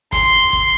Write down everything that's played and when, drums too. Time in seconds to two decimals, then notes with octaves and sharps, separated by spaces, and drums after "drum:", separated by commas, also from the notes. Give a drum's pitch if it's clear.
0.12 C6, drum: kick, hi-hat
0.53 drum: kick